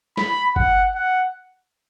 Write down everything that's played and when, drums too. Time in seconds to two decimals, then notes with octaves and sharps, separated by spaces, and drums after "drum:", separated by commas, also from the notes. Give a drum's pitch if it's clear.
0.17 B5, drum: snare
0.56 F#5, drum: kick G1
0.95 F#5